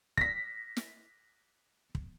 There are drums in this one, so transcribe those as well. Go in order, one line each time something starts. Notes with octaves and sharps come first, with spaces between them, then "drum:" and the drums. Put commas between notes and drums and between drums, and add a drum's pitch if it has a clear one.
A#6 B6, drum: kick
drum: snare
drum: kick